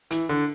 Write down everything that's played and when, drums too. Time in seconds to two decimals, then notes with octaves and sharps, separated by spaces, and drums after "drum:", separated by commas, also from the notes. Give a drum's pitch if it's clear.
0.11 E3, drum: hi-hat
0.29 D3